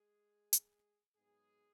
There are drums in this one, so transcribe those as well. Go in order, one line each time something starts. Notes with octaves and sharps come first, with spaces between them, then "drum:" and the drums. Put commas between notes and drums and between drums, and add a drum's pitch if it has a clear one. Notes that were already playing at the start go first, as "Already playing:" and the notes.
Already playing: G#3 G#4
drum: hi-hat
G#2 F#3 G#3 B3 G#4